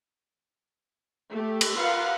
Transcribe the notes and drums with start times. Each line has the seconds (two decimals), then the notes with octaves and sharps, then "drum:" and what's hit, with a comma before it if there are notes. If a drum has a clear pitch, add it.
1.32 A3 G4
1.61 drum: cymbal
1.77 F4 G4 A#4 B4 F5 F#5